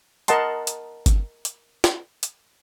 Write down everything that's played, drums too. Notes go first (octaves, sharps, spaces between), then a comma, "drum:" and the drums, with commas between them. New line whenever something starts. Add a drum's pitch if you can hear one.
A#4 D#5 F#5 A5 C6, drum: hi-hat
drum: hi-hat
drum: kick G1, hi-hat
drum: hi-hat
drum: snare
drum: hi-hat